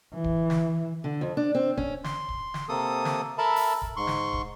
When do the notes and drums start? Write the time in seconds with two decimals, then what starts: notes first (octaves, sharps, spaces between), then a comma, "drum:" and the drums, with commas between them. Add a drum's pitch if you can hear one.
0.14 E3
0.24 drum: kick
0.50 drum: snare
1.04 D3
1.21 F2
1.37 D4
1.55 C4
1.77 C#4, drum: kick
2.04 C6, drum: snare
2.29 drum: kick
2.54 drum: snare
2.69 C3 A#3 A4 D#6
3.05 drum: snare
3.38 A4 A#4 E5 A5 B5
3.56 drum: open hi-hat
3.82 drum: kick
3.97 G#2 C6 C#6
4.07 drum: snare
4.33 drum: kick